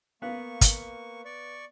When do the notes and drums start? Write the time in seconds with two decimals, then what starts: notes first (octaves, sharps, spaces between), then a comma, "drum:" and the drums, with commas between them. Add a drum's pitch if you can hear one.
0.22 A#3 B3 B4 F5 C#6
0.61 drum: kick, hi-hat
1.25 D5 C#6